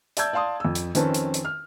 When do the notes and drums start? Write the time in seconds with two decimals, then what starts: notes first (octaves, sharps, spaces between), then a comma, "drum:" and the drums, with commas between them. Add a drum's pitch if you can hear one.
0.17 D5 E5 A5 E6 G6 G#6, drum: hi-hat
0.33 D5 F5 A5 C6 D#6
0.60 F2 E6
0.75 drum: hi-hat
0.95 F2 D#3 C4 C#4 B4 A5, drum: hi-hat
1.14 drum: hi-hat
1.34 drum: hi-hat
1.45 F6